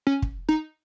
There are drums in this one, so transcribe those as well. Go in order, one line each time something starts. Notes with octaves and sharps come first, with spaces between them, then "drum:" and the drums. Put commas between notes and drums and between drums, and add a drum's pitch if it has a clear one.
C#4
drum: kick
D#4